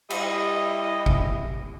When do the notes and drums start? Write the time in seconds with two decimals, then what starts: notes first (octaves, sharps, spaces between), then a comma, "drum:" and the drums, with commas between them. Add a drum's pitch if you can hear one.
0.10 G3 E4 D#5, drum: cymbal
1.06 drum: kick